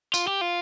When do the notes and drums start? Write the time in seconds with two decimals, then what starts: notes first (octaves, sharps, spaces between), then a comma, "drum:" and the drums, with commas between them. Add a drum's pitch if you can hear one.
0.14 F4, drum: tambourine
0.27 G4
0.41 F4